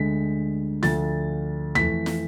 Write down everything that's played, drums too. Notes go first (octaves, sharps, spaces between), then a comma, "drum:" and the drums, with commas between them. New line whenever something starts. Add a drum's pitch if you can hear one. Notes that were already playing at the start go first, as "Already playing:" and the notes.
Already playing: D2 D3 G#3 B6
D2 D3 F3 A6, drum: snare
F2 E3 A3 B6, drum: tom D#2
drum: snare